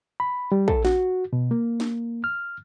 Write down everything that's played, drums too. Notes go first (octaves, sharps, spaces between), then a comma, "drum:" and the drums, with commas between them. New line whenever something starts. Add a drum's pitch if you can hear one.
B5
G3
A4, drum: kick
F#4, drum: snare
B2
A#3
drum: snare
F6